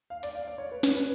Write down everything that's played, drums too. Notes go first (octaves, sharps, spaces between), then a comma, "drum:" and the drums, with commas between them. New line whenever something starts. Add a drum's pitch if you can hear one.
F5
D5, drum: hi-hat
F5
D5
C#5
B4
C#5, drum: snare
B4